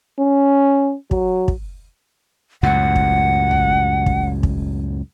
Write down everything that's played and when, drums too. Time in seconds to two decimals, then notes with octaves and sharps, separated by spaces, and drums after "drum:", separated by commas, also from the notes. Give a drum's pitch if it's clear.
0.20 C#4
1.11 F#3, drum: kick
1.48 drum: kick
2.63 C#2 F#2 A2 F#5
2.96 drum: kick
3.51 drum: tom
4.06 drum: kick
4.43 drum: kick